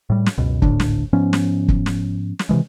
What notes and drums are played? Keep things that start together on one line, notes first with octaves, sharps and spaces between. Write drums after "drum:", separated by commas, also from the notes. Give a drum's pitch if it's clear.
A2 G3
drum: snare
C#2 F#2 B2
G#1 D2 A2 D4, drum: kick
drum: snare
G#2 F3 B3 C#4
drum: snare
drum: kick
drum: snare
drum: snare
C3 D#3 E3 G#3